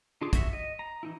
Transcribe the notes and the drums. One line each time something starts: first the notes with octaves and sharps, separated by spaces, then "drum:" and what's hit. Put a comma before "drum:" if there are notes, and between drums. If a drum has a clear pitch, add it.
D3 D4 F4 G#4 D6
F#4 E5, drum: kick, hi-hat
D#5
A#5
E3 D#4 E4